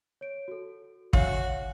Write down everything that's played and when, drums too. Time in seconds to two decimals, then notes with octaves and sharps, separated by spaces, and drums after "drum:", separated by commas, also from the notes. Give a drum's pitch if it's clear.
0.21 C#5 D7
0.48 F#4 A4
1.13 D3 F#4 C#5 E5 F5 G#5, drum: kick